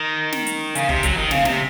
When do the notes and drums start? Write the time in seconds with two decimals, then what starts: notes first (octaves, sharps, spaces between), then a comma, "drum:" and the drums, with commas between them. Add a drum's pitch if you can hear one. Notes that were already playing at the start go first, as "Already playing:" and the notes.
Already playing: D#3
0.32 drum: snare
0.47 drum: hi-hat
0.75 C#3, drum: hi-hat
0.89 C3, drum: kick
1.03 F#3, drum: kick, hi-hat
1.17 D#3
1.31 C#3, drum: snare
1.45 C3, drum: snare